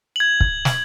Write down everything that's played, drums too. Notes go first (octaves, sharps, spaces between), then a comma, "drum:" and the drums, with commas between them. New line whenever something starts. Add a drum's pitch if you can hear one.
G#6 F#7
drum: kick
drum: snare